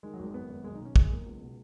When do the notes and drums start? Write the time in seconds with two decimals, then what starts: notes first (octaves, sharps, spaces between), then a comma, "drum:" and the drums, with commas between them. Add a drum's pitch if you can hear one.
0.03 D#3 G#3
0.14 F#3
0.19 G#1 G#3
0.34 F#2 B3
0.50 G#1
0.64 B1 G#3
0.75 D#4
0.80 B2
0.85 C#4
0.96 B2 G#3, drum: kick
1.11 B1 A#3
1.26 C#2
1.41 B2